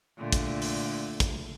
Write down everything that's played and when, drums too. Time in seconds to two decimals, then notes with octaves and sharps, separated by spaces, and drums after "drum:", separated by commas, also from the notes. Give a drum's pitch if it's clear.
0.18 A#2 D3 A3
0.32 drum: kick, hi-hat
0.62 drum: open hi-hat
1.20 drum: kick, hi-hat